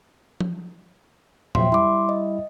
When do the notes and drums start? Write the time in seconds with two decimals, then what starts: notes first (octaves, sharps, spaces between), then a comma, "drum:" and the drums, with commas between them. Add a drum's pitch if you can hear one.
0.40 drum: tom F3
1.55 A#2 F3 F#3 E5 G5 C6, drum: tom
1.72 G3 E4 C6 D6
2.09 D#5